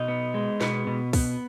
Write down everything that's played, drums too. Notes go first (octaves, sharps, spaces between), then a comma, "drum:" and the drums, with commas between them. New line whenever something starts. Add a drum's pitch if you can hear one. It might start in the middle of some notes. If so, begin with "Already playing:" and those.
Already playing: B2 D#4
B3
G#3
B2 B3, drum: snare
B2
B3, drum: kick, open hi-hat